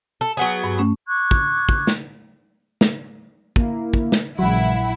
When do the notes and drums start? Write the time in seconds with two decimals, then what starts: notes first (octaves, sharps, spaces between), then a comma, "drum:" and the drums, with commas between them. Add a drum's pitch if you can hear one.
0.21 A4
0.37 F#3 B3 G#4
0.64 G2
0.78 A3 C#4
1.08 C#6 D6 F#6 G#6
1.31 drum: kick
1.69 drum: kick
1.87 drum: snare
2.81 drum: snare
3.56 A#3 E4, drum: kick
3.93 drum: kick
4.12 drum: snare
4.39 A#1 C#3 E3 F#3 G#3 E4 F#5